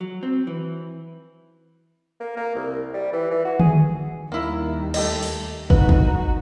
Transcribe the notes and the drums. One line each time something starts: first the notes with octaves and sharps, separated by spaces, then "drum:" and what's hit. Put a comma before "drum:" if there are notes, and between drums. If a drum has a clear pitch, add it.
F#3
C4
E3
A#3
A#3
C2
G3
E3
E3
F#4
G#4, drum: tom D3
D#2 G3 A#3 E4
A3 G4 D#5, drum: cymbal
drum: open hi-hat
D#4 F#4 B4, drum: kick
drum: kick